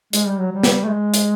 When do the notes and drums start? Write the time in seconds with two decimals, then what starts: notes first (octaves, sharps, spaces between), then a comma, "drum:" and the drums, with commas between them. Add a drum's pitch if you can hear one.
0.13 G#3, drum: hi-hat
0.27 G3
0.39 F#3
0.53 G3
0.63 drum: snare
0.84 A3
0.89 G#3
1.14 drum: hi-hat